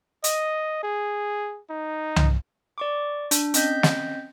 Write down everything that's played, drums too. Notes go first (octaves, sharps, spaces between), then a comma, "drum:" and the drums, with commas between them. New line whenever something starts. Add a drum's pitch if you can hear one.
D#5, drum: hi-hat
G#4
D#4
drum: tom C2
D5 C#6 D6
D4, drum: hi-hat
C4 C#4 D#5 G6 B6, drum: hi-hat
drum: snare